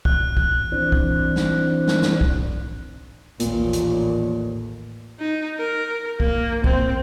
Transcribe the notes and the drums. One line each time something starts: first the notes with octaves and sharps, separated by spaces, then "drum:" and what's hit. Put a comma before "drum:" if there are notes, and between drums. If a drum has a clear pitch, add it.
F#6, drum: kick
drum: kick
E3 C4 D4
drum: kick
drum: snare
drum: snare
drum: snare
drum: kick
A1 D#2 A#2, drum: hi-hat
drum: hi-hat
D#4
A#4
A#3, drum: kick
C4, drum: kick